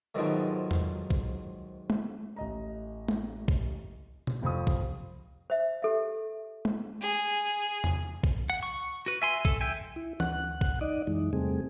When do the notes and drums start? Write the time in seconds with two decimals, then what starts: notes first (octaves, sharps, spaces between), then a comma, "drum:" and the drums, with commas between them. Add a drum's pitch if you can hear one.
0.15 G#2 B2 D#3 F3 F#3 A3
0.71 drum: tom E2
1.10 drum: kick
1.90 drum: tom G#3
2.36 A1 D#5 A#5
3.09 drum: tom G#3
3.48 drum: kick
4.27 drum: tom B2
4.42 F1 F2 F5 B5 C#6 D#6
4.67 drum: kick
5.50 C5 E5
5.82 G4 A4 E5
6.65 drum: tom G#3
7.01 G#4
7.84 drum: tom E2
8.23 drum: kick
8.50 F#5
8.63 C#6
9.06 F#4 B4
9.22 E5 G#5 C6
9.45 A4, drum: kick
9.61 E5 G5 G#5
9.96 E4
10.20 D2 F#5 F#6, drum: tom E3
10.61 drum: kick
10.81 D#4 D5 D#5
11.07 F#2 E3 G#3 D#4
11.33 E2 C3 G3 A3 C4 G#4